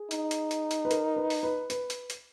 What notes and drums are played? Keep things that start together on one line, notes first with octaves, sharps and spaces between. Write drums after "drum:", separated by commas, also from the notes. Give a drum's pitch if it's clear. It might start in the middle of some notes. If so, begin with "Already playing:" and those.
Already playing: G#4
D#4, drum: hi-hat
drum: hi-hat
drum: hi-hat
drum: hi-hat
B4
A#4, drum: hi-hat
B4
drum: open hi-hat
B4
B4, drum: hi-hat
drum: hi-hat
drum: hi-hat